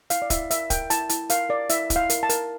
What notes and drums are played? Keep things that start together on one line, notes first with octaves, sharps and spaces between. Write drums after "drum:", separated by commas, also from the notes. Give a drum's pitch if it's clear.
E4 F5, drum: hi-hat
D5
E4 E5, drum: kick, hi-hat
A#4 E5, drum: hi-hat
A#4 G5, drum: kick, hi-hat
E4 A5, drum: hi-hat
E4 A5, drum: hi-hat
A#4 F5, drum: hi-hat
A#4 D5
E4 E5, drum: hi-hat
E4, drum: kick, hi-hat
F5
A#4, drum: hi-hat
A5
A#4, drum: hi-hat